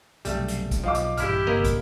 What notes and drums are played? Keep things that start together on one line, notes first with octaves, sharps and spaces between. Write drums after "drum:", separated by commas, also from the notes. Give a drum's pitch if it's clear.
B1 F#2 C3 G3 A3, drum: hi-hat
drum: hi-hat
drum: kick, hi-hat
B1 F3 D#5 F5 D6
drum: hi-hat
A#1 G2 E3 E4 G4 F6, drum: hi-hat
G1 C3 A#3 A#4 D#5
drum: kick, hi-hat